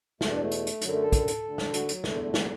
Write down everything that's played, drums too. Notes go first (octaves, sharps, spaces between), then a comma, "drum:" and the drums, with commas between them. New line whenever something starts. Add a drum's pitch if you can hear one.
E2 B2 A3, drum: snare
D4
A3
drum: hi-hat
drum: hi-hat
F#2 D3 F#3, drum: hi-hat
A3
A4
drum: kick, hi-hat
drum: hi-hat
D2 D3
drum: snare
F#4, drum: hi-hat
F#3, drum: hi-hat
E2 D3 A3, drum: snare
A3
F#3, drum: snare